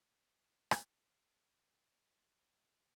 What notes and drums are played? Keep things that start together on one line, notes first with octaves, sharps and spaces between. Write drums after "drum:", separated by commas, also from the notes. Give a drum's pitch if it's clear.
D4 A4 A#4 C5 D5 D#5
drum: rim click
F#4 A#4 B5
C4 D#5 F5
F#5
D4 A4 C#5 D#5 F5
D4 D#4 A4 A#4 E5